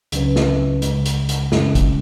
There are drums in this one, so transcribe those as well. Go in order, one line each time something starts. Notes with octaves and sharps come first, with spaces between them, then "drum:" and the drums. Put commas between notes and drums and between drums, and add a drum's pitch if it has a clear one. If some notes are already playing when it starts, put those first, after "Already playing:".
C#2 C#3 F#3 C#4 B4, drum: hi-hat
drum: snare
C#2 C#3 G#3, drum: hi-hat
drum: hi-hat
drum: hi-hat
F#2 C#3 G#3 C#4, drum: snare
drum: kick, hi-hat